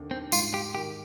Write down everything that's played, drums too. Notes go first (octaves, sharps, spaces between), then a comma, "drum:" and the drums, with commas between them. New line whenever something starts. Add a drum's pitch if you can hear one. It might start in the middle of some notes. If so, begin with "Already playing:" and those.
Already playing: D#2 D3
C4
G#2 F4, drum: tambourine
G4
D#3 G4